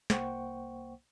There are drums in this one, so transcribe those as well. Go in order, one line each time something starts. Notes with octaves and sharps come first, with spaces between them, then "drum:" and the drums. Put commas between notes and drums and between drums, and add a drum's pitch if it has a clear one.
C2 A#3 C5 F#5 G5 C#6, drum: snare